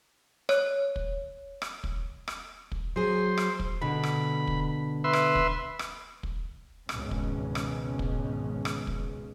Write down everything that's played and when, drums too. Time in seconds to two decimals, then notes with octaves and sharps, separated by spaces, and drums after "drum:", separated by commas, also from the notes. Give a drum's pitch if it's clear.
0.49 C#5, drum: rim click
0.96 drum: kick
1.62 drum: rim click
1.84 drum: kick
2.28 drum: rim click
2.72 drum: kick
2.96 F#3 G#4 C5
3.38 drum: rim click
3.59 drum: kick
3.81 B2 D3 B5
4.03 drum: rim click
4.47 drum: kick
5.04 B4 E5 C6
5.13 drum: rim click
5.35 drum: kick
5.79 drum: rim click
6.23 drum: kick
6.89 G#1 C#2 B2 G#3 C#4, drum: rim click
7.11 drum: kick
7.55 drum: rim click
7.99 drum: kick
8.65 drum: rim click
8.87 drum: kick